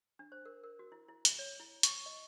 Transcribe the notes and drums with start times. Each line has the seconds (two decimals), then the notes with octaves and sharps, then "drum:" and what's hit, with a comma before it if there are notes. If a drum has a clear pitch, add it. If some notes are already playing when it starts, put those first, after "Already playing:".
0.19 D4
0.32 C5
0.45 A#4
0.64 A#4
0.79 F#4
0.92 E4
1.08 E4
1.25 drum: hi-hat
1.39 C#5
1.60 E4
1.83 C#6, drum: hi-hat
2.06 D#5